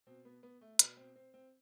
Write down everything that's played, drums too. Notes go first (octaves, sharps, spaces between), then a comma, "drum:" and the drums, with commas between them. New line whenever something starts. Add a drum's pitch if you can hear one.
B2 C4
B3
B3
A3
B2 B3, drum: hi-hat
C4
C4
C4